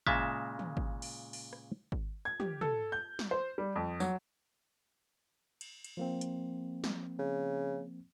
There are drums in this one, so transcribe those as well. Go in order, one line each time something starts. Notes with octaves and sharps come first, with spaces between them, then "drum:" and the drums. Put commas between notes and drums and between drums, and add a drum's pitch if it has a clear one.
A#2 C#3 G#3 E5 A5, drum: kick G#1
drum: tom
drum: kick G#1
drum: open hi-hat
drum: open hi-hat
drum: rim click
drum: kick G#1
G#6
G4, drum: tom
A4, drum: tom
G6
drum: snare
C5
G3
F2
F#3, drum: tambourine
drum: cymbal
drum: cymbal
F3 A#3 C4
drum: hi-hat
drum: snare
C#3